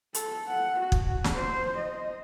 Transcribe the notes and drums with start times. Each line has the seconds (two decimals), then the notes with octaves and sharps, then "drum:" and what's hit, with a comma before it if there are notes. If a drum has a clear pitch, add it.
0.14 A4, drum: hi-hat
0.47 F#5
0.80 F#4
0.92 drum: kick
1.24 drum: snare
1.34 C5
1.77 D#5